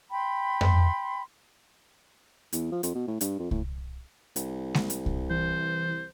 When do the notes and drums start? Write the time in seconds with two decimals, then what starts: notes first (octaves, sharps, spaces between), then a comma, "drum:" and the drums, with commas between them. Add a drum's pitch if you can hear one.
0.11 G5 B5 C6
0.61 drum: tom F2
2.53 E2, drum: hi-hat
2.72 F3
2.83 F2, drum: hi-hat
2.95 B2
3.07 A2
3.21 G2, drum: hi-hat
3.39 F2
3.51 A2, drum: kick C2
4.36 C2, drum: hi-hat
4.74 drum: snare G#3
4.90 drum: hi-hat
5.06 drum: kick C2
5.30 E3 C5